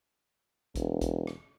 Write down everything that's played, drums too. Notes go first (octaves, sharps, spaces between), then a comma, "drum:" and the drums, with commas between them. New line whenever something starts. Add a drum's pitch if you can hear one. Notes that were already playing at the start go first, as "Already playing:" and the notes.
E1, drum: kick A1, hi-hat
drum: kick A1, hi-hat
drum: rim click